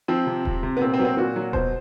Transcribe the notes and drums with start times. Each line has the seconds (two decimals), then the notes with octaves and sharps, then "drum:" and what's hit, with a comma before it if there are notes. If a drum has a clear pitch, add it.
0.08 F3 C4
0.27 C3
0.45 C3, drum: kick D#1
0.63 C3
0.77 B3
0.81 A#2 C4
0.94 C4
0.99 F#3 B3
1.05 C4
1.17 A#2 F#4
1.36 F#3
1.53 B2 C5, drum: kick D#1